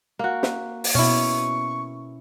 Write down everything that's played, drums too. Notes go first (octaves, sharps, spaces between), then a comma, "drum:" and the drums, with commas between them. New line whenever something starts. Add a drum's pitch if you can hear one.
A#3 F#4
drum: snare
drum: open hi-hat
B2 C#4 E4 C#6